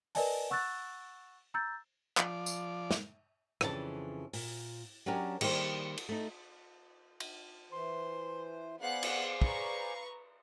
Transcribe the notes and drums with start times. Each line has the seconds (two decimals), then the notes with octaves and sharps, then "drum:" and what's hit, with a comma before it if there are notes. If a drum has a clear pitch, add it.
0.15 A#4 B4 D5 D#5 G#5 A5, drum: open hi-hat
0.50 F#5 C#6 E6 F#6 A6
1.54 A#5 E6 G6 A6
2.17 F3 D5, drum: clap
2.46 drum: tambourine
2.91 drum: snare
3.61 F2 C#3 E3 D4 G#5 A5, drum: rim click
4.33 A#2, drum: open hi-hat
5.06 F#3 C#4 D4 G4 A#4
5.41 D#3 G3 A#3 C5, drum: cymbal
5.97 drum: cymbal
6.09 A3 D#4
7.20 drum: cymbal
7.72 E3 C5 C6
8.81 B3 G#4 C5 D5 F5 F#5 F#6
9.03 drum: cymbal
9.42 B4 A#5 C#6, drum: kick